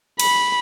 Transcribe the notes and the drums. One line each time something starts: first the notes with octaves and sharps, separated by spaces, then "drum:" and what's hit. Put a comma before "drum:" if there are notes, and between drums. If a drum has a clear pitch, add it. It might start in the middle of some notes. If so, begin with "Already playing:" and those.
B5, drum: cymbal